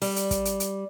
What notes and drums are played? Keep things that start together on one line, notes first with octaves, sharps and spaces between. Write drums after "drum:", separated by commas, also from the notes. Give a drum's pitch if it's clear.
G3, drum: open hi-hat
drum: hi-hat
drum: kick, hi-hat
drum: hi-hat
drum: hi-hat